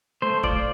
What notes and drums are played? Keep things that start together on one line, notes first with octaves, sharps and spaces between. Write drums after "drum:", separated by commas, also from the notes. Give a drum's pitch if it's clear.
A3 C5
F4 D5, drum: kick